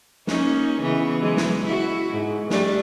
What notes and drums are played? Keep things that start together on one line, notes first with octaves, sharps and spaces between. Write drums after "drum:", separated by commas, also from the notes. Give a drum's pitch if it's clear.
A#3 C#4 D#4, drum: snare
C#3 E3 B3
E3 F#3 G#3
drum: snare
E4 F#4
G#2
G3 A3 D4, drum: snare